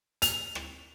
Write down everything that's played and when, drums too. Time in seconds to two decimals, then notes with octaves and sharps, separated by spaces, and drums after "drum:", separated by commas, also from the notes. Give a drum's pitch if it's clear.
0.22 F7, drum: hi-hat
0.55 drum: rim click